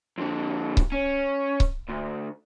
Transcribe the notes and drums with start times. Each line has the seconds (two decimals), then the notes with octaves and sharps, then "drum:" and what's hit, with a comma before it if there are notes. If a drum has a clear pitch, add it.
0.18 F2 D3
0.77 drum: kick C#1
0.92 C#4
1.60 drum: kick C#1
1.89 D2